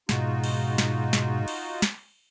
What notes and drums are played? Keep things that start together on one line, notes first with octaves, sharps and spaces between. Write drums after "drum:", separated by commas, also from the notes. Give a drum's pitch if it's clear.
G#2 B2 D#4 F4 F#4, drum: snare
drum: cymbal
drum: snare
drum: snare
drum: cymbal
drum: snare